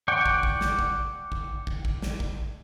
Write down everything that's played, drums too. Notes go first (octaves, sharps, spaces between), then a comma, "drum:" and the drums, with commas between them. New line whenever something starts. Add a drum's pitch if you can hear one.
D5 F#5 G5 C#6
drum: kick
drum: kick
drum: snare
drum: kick
drum: kick
drum: kick
drum: kick
drum: snare
drum: kick